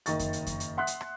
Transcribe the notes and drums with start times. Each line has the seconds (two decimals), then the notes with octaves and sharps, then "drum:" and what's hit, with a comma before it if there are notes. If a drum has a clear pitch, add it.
0.06 F#1 D#3 D#5 C#6 A6, drum: hi-hat
0.19 drum: kick F2, hi-hat
0.33 drum: hi-hat
0.46 drum: kick F2, hi-hat
0.60 drum: hi-hat
0.77 E5 F#5 C6 D#6 F#6 B6
0.87 drum: hi-hat
1.01 drum: rim click